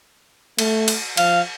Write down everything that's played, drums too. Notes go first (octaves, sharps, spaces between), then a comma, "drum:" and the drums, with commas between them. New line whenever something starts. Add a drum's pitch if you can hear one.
A3, drum: cymbal
drum: cymbal
F3 F5, drum: cymbal